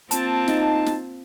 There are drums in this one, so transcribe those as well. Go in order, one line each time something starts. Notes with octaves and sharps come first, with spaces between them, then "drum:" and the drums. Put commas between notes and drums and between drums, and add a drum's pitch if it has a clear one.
A#3 C4 F4 A5, drum: hi-hat
D#4, drum: snare
drum: snare